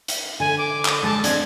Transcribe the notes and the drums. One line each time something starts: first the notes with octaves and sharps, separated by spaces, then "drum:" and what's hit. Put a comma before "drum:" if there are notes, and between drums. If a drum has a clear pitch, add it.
drum: hi-hat
D3 G#5
D6
drum: clap
G#3 A5
C4 D4 G#6, drum: hi-hat